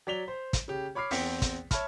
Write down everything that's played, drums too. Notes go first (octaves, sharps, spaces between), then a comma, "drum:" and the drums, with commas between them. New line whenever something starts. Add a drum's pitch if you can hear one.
F#3 D5 B6 F7 G7
C5
drum: kick, hi-hat
C#3 G4
C#5 B5 D6 F6 C7
E2 C4 B6 C#7, drum: open hi-hat
drum: kick, hi-hat
C#5 E5 A5 B5 F6, drum: kick, hi-hat